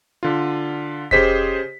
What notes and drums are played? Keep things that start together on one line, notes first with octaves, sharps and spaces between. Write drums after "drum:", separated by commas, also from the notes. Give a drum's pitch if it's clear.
D3 F4
C#3 G4 G#4 C5 D#5 B6, drum: kick F1